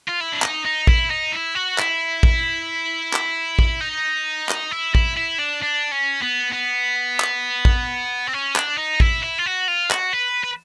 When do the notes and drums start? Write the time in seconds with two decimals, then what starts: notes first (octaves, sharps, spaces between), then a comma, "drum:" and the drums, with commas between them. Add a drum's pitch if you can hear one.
0.08 F4
0.20 E4
0.32 D4
0.42 D#4, drum: clap
0.65 D#4
0.87 E4, drum: kick A1
1.11 D#4
1.33 E4
1.55 F#4
1.78 E4, drum: clap
2.23 drum: kick A1
3.13 drum: clap
3.59 drum: kick A1
3.81 D#4
4.49 drum: clap
4.72 E4
4.95 E4, drum: kick A1
5.17 E4
5.39 D4
5.62 D4
5.91 C#4
6.22 B3
6.52 B3
7.20 drum: clap
7.65 drum: kick A1
8.27 C4
8.33 C#4
8.56 D4, drum: clap
8.77 D#4
9.00 E4, drum: kick A1
9.23 E4
9.38 F4
9.46 F#4
9.68 F4
9.91 F#4, drum: clap
10.13 B4
10.44 B4